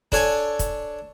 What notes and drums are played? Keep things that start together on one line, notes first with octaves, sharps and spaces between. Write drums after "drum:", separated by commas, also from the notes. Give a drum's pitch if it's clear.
D4 A4 C#5 G#5, drum: kick
drum: kick, hi-hat